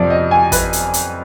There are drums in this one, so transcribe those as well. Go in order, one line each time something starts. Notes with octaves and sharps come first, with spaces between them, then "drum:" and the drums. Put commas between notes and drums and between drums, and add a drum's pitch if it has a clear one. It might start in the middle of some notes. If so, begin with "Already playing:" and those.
Already playing: F2 C3 F3 D5
D#5
G#5
B4, drum: kick, hi-hat
drum: hi-hat
drum: hi-hat